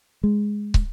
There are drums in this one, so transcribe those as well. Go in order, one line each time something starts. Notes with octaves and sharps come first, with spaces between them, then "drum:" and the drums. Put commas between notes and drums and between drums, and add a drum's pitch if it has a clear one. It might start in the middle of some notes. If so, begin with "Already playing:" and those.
G#3
drum: kick